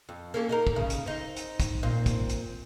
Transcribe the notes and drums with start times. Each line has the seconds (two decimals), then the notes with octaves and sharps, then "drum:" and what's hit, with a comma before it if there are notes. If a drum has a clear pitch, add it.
0.09 F2
0.34 A#3 C#4 A4
0.49 D#4 G#4 A#4
0.67 drum: kick
0.76 C#3
0.90 drum: hi-hat
1.06 C4 D#4
1.36 drum: hi-hat
1.60 drum: kick, hi-hat
1.83 A#2 C4
2.06 drum: kick, hi-hat
2.29 drum: hi-hat